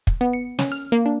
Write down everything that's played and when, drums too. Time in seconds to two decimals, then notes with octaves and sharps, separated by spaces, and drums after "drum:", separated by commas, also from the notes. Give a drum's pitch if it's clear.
0.07 drum: kick
0.21 B3
0.33 C#7
0.59 C#4, drum: snare
0.72 F6
0.92 A#3
1.06 D4